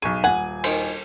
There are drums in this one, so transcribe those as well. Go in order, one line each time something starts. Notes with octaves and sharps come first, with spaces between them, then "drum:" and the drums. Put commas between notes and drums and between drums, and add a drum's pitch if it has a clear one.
B1 G#4 C#6 D#7
D#1 F#5 G#5
D#3 C5, drum: cymbal